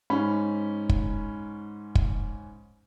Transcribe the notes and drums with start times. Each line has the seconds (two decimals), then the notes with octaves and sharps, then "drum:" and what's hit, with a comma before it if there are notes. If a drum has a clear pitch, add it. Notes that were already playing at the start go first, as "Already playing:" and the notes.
0.10 G#2 C#4 B5
0.89 drum: kick
1.95 drum: kick